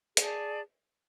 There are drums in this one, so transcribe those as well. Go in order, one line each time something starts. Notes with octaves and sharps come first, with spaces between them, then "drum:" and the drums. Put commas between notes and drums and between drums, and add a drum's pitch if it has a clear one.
G#4 D5 A5, drum: hi-hat